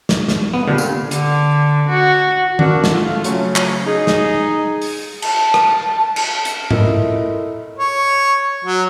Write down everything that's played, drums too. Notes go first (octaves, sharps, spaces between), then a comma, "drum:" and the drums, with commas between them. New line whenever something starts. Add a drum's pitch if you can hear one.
drum: snare
drum: snare
B3
A#2 D3 G3
drum: tambourine
D3, drum: hi-hat
F#4
A#2 D3 A#3 D4 F#4 A#4, drum: tom
drum: snare
A3 F4
C#3 F#3 A3, drum: hi-hat
drum: clap
D#4 G#4
drum: snare
drum: open hi-hat
A5, drum: cymbal
drum: rim click
drum: cymbal
drum: hi-hat
E4 F4 A4 A#4 D#5 E5, drum: tom G#2
C#5
F#3